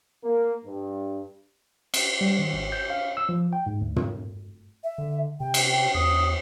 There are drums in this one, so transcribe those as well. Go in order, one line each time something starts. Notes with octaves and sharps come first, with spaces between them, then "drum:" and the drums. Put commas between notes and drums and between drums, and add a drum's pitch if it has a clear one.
A#3
G2
drum: cymbal
G3
D#3
G#1
G6
F5
E6
F3
G5
G#2
D2
drum: tom
E5
D3
C3 G5
drum: cymbal
G5
E2 D#6